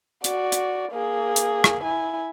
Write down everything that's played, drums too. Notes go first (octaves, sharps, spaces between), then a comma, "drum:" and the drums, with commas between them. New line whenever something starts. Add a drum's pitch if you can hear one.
F#4 D5, drum: hi-hat
drum: hi-hat
A#3 G#4
drum: hi-hat
drum: rim click
E4 G#5